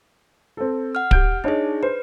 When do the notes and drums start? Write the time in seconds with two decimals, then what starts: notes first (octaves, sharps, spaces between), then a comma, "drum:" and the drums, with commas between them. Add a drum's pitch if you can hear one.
0.57 C4 A4
0.95 F#5 F6
1.11 G4 G6 D7, drum: kick
1.44 D4 D#4 G#4 C#5 D#5
1.83 B4 C5